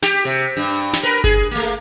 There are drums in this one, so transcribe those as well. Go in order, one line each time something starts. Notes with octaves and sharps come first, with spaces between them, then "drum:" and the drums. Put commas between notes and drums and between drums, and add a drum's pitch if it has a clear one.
G4, drum: snare
C3
G2
drum: snare
A#4 B4
G#4, drum: kick G1
A3 A#3